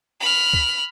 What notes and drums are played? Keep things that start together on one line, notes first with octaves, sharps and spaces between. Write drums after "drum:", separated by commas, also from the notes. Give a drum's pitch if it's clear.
B5 F6
drum: kick